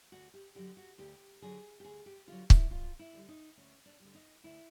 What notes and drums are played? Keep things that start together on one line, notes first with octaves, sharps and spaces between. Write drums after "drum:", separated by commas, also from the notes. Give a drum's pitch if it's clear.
D2 F#4
G4
D3 F#3 G4
F#4
D2 G4
D3 F#3 G#4
G4
D2 G#4
G4
D3 F#3 F4
E4, drum: kick
D2 F4
E4
D3 G3
D#4
D2 C#4
D4
D3 G3
D#4
D2 E4